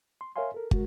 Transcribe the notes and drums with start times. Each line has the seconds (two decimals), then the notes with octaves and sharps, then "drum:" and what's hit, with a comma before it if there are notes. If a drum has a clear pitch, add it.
0.21 C6
0.36 A#4 C#5 E5 F5 G#5 C6
0.54 A4 A#4
0.71 G#3 F#4 A#4, drum: kick